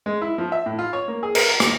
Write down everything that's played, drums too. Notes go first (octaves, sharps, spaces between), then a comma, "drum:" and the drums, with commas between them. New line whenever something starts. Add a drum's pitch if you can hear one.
G#3
E4
F3
E5
A2
F4
C#5
A#3
G#4
A#4, drum: cymbal
A#5
D#2, drum: rim click